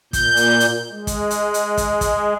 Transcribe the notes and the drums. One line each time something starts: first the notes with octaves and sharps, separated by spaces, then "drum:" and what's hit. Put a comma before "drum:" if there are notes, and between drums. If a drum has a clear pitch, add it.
A#2 G6, drum: kick, hi-hat
drum: hi-hat
drum: hi-hat
G#3
drum: kick, hi-hat
drum: hi-hat
drum: hi-hat
drum: kick, hi-hat
drum: kick, hi-hat